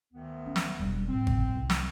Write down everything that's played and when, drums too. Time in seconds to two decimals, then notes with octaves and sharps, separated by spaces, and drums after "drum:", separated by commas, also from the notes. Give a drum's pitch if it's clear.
0.13 D2 D#3 B3
0.46 C#4
0.56 drum: snare
0.79 E1 G3
1.08 A2 F3 C4
1.27 drum: kick G#1
1.55 C2
1.70 drum: snare